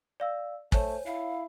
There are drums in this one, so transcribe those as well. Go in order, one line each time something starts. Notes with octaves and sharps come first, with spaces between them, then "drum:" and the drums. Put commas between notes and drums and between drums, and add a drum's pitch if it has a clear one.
D5 F5 E6
A3 C5 C#5 G#5, drum: kick
E4 F5